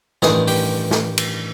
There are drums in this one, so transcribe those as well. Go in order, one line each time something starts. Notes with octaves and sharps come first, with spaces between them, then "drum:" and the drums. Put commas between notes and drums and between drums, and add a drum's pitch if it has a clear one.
A1 G2 D#3 G#4, drum: snare
G4, drum: open hi-hat
drum: snare
drum: cymbal